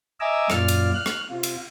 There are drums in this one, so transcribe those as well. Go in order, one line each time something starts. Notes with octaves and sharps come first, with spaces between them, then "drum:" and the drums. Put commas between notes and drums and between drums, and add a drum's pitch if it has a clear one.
D#5 E5 G#5 A#5 D6 E6
F#2 A#2 F4 D5 F5 F6, drum: rim click
drum: cymbal
F6 F#6
drum: rim click
C3 F4
drum: cymbal